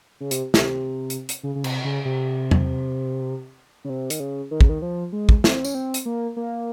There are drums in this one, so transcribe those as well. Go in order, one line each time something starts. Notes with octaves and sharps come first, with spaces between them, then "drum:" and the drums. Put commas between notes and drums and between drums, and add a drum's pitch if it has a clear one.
C#3
C3, drum: hi-hat
C3, drum: snare
drum: hi-hat
drum: hi-hat
C#3
C#3
C3, drum: cymbal
C#3
C3
drum: tom E2
C#3
C3
D#3, drum: hi-hat
C#3
D#3
C#3, drum: kick
D#3
F3
G#3
drum: kick
C4, drum: snare
C#4, drum: tambourine
C4
drum: hi-hat
A#3
A#3